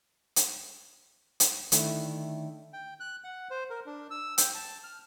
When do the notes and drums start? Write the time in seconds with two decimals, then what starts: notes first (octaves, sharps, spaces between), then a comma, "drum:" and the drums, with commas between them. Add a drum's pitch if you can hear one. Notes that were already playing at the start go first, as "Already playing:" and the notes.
0.36 drum: hi-hat
1.40 drum: hi-hat
1.72 D3 D#3 A3 D4 E4, drum: hi-hat
2.73 G5
3.00 F#6
3.24 F#5
3.51 C5
3.70 A#4
3.86 D4
4.11 E6
4.38 G5, drum: hi-hat
4.55 A5
4.84 F6